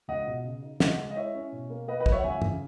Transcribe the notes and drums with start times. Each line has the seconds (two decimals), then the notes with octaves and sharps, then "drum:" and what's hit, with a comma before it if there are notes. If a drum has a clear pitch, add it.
0.08 C#2 D#5 F#5
0.27 B2
0.44 C#3
0.62 D#4
0.80 C#3 D#5 F#5, drum: snare
0.98 G#3
1.11 D#5
1.16 E4 C#5 E5
1.34 C#4
1.52 B2
1.70 A#3
1.88 A#3 B4 D#5
2.00 B4 D#5
2.06 F#3, drum: kick
2.12 C#5 E5
2.19 F#5
2.24 C#2 E5 G#5
2.42 C#3, drum: tom